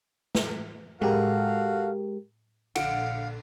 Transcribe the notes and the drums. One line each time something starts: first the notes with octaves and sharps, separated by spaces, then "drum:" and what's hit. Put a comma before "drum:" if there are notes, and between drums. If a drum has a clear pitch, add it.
drum: snare
G#3 F#4 G4 A4 A#4 F5, drum: tom A2
A#1 D3 F5 F#5 D7, drum: cymbal